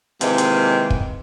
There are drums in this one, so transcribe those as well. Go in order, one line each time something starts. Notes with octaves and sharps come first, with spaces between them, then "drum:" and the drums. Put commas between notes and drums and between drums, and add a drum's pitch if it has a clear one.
C3 D#3 E3 G#3 A#3, drum: hi-hat
drum: hi-hat
drum: kick